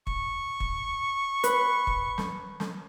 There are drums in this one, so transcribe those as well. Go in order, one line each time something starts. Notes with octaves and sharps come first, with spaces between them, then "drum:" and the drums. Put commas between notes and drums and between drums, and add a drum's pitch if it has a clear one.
C#6, drum: kick
drum: kick
B4, drum: hi-hat
drum: kick
drum: snare
drum: snare